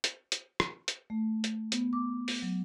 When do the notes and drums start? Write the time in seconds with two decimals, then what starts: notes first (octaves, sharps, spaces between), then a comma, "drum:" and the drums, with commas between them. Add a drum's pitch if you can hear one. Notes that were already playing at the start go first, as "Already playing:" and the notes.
0.04 drum: hi-hat
0.32 drum: hi-hat
0.60 drum: rim click
0.88 drum: hi-hat
1.10 A3
1.44 drum: hi-hat
1.72 B3, drum: hi-hat
1.93 D6
2.28 drum: open hi-hat
2.42 F#3